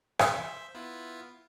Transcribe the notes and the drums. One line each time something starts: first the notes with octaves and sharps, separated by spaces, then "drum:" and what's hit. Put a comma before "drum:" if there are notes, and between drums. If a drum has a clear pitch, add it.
C5 E5, drum: rim click
B3 E4 F4